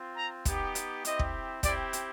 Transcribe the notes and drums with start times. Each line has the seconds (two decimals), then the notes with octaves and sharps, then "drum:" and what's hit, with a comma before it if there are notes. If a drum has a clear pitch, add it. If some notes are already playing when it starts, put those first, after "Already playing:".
Already playing: C4 F4
0.17 A#5
0.45 B3 D#4 G4, drum: kick, hi-hat
0.75 drum: hi-hat
1.05 C4 E4 G4 D#5, drum: hi-hat
1.19 drum: kick
1.63 C4 E4 G4 D5, drum: kick, hi-hat
1.93 drum: hi-hat